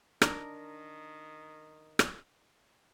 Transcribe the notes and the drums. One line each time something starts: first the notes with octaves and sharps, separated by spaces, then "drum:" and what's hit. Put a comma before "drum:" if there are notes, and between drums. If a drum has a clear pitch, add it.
D#3 D4 D#4 A#4, drum: rim click
drum: rim click